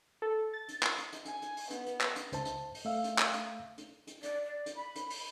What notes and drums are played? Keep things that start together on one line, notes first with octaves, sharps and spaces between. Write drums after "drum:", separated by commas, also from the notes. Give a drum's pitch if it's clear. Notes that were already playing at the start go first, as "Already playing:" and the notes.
A4
A6
drum: hi-hat
drum: clap
drum: hi-hat
drum: hi-hat
G#5, drum: hi-hat
drum: hi-hat
drum: open hi-hat
B3, drum: hi-hat
drum: hi-hat
drum: clap
drum: hi-hat
C#2 C5 A5, drum: hi-hat
drum: hi-hat
drum: open hi-hat
A3 E5 F5
drum: hi-hat
drum: clap
drum: hi-hat
drum: hi-hat
drum: hi-hat
D5, drum: hi-hat
D5
drum: hi-hat
B5
drum: hi-hat
drum: open hi-hat